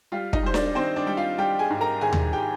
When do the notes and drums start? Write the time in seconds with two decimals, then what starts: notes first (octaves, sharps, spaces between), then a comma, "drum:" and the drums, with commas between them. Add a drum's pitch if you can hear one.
0.12 G3 F4 F5
0.33 D#4 D#5, drum: kick
0.43 G3 C5
0.54 D4 D5, drum: snare D4
0.75 D#3 C4 C5
0.96 D4 D5
1.07 G3 G5
1.17 F4 F5
1.38 G3 G4 G5
1.59 G#4 G#5
1.70 G#2
1.81 A#4 A#5
2.01 G#1 G#4 G#5
2.13 drum: tom D#2
2.33 G4 G5